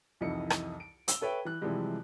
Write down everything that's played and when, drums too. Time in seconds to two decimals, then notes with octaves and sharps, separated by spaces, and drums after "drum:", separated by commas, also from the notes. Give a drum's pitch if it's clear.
0.21 C2 F2 E3 D#4 C#7
0.50 drum: rim click
0.80 D7
1.08 E6 G7, drum: hi-hat
1.21 A4 B4 C#5 E5 G5
1.45 E3 F#6
1.61 C3 E3 F3 G3 G#3 G4